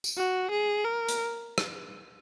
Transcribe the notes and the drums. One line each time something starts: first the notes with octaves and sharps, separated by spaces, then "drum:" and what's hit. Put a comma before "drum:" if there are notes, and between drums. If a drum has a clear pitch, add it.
drum: tambourine
F#4
G#4
A#4
drum: hi-hat
drum: rim click